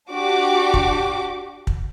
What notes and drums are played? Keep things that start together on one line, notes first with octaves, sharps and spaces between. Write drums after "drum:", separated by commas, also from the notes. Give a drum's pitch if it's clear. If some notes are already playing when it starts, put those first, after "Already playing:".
D4 F#4 G4 D6
drum: kick
drum: kick